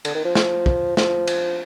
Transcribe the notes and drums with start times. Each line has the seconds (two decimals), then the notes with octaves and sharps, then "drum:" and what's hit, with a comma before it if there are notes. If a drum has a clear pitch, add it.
0.05 D3, drum: cymbal
0.15 D#3
0.25 F3
0.35 F3, drum: snare
0.66 drum: kick
0.97 F3, drum: snare
1.27 drum: cymbal